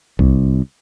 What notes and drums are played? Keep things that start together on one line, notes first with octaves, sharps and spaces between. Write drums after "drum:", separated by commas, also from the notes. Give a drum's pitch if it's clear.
C2, drum: kick B1